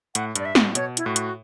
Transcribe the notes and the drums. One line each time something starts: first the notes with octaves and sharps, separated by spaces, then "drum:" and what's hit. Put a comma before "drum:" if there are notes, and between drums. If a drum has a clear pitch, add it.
A2 F#5, drum: hi-hat
G2 D5, drum: hi-hat
E5
A2, drum: snare
B2 C#5, drum: hi-hat
E4, drum: hi-hat
A2 F#4
drum: hi-hat